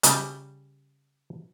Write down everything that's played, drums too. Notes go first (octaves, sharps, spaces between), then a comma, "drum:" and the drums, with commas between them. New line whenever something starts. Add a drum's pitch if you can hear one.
C#3 G3, drum: hi-hat